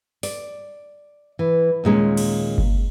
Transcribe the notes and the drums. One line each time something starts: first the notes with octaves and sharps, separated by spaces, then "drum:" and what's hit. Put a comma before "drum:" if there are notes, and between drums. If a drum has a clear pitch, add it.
D5, drum: open hi-hat
E3
D#2 A#2 G#3 C#4
drum: cymbal
drum: kick G1